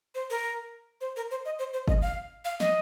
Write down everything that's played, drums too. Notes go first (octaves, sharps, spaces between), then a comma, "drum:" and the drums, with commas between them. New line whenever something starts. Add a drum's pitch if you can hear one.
C5
A#4
C5
A#4
C5
D#5
C5
C5
D#5, drum: kick G1
F5
F5
D#5, drum: snare